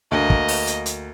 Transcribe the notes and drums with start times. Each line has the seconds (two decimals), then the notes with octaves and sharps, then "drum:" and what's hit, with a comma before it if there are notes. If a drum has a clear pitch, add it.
0.11 D2 A#3 D#5
0.30 drum: kick
0.49 drum: open hi-hat
0.67 drum: hi-hat
0.86 drum: hi-hat